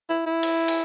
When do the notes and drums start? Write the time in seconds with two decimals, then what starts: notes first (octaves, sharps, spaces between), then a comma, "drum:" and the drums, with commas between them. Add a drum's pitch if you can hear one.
0.09 E4
0.26 E4
0.43 drum: cymbal
0.68 drum: cymbal